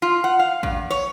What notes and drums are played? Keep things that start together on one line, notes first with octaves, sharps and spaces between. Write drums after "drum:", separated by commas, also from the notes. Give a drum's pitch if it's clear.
F4
F#5
F5
G2, drum: kick A1
C#5